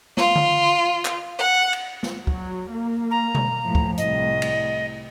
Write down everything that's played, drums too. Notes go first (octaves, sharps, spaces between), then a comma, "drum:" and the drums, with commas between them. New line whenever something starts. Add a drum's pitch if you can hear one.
F4, drum: snare
drum: tom D3
drum: clap
F#5
drum: cymbal
drum: snare
F#3, drum: kick C#2
A#3
A#5
drum: tom B2
A2 F3
drum: kick C#2
C2 A2 D#5, drum: hi-hat
drum: cymbal